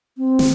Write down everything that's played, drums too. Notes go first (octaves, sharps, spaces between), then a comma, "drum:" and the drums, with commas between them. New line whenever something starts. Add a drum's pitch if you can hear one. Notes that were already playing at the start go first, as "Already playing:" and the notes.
C4
drum: snare